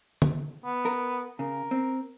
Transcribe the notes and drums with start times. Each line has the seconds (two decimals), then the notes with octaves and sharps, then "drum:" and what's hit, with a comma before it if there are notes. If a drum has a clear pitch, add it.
0.22 drum: tom D3
0.65 B3
0.85 A#4
1.39 C#3 A#4
1.71 C4